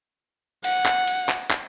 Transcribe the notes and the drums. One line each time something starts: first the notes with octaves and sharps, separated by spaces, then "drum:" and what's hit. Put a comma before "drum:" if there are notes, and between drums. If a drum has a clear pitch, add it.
F#5, drum: cymbal
drum: clap
drum: cymbal
drum: clap
drum: clap